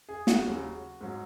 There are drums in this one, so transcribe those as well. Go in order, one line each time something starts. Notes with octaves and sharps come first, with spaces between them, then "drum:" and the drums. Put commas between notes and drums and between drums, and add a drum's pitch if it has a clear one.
G#4
F#4, drum: snare
D#2 C#3 F#3
G#2 F#3